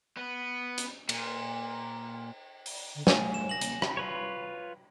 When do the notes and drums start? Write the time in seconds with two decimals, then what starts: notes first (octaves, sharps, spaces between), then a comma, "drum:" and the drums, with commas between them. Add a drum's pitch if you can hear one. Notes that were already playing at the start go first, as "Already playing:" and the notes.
0.17 B3
0.78 drum: hi-hat
1.09 A#2, drum: cymbal
2.66 drum: open hi-hat
2.95 D3
3.07 A3 G#5, drum: snare
3.34 E7
3.49 A#6 F#7
3.61 A#3, drum: hi-hat
3.82 drum: rim click
3.97 F4 B4 C#5